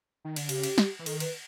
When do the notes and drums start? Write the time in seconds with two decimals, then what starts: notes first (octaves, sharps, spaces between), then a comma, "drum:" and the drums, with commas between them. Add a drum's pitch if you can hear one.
0.25 D#3
0.36 D3, drum: cymbal
0.49 C#3 G4, drum: cymbal
0.63 drum: cymbal
0.78 drum: snare
0.99 E3
1.06 D#3 A4, drum: cymbal
1.20 B4, drum: cymbal